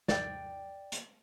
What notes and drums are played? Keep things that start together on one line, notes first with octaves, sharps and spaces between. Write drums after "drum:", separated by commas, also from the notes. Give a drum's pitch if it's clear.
D5 G5, drum: snare
drum: hi-hat